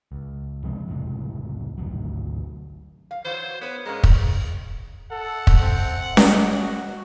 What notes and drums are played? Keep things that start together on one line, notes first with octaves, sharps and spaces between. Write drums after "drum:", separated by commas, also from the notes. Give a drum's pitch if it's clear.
C#2
C3 F3 G#3 C4
F1 C#2 A2 C3
G#1 D2 F#3
F5
E3 F#3 C5
B3 B4 C#5
G#2 G#3 A#3 C#4
drum: kick
A4 F#5
drum: kick
C4
D#5, drum: snare C#4
F#4